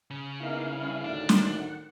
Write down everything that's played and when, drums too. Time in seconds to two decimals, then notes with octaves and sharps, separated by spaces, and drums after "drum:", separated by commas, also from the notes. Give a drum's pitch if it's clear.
0.10 C#3
0.40 A#3 B3 D#4 E4 F5
0.72 G2 C#4
1.04 D2 A2 D#3 D4
1.29 drum: snare
1.50 F#5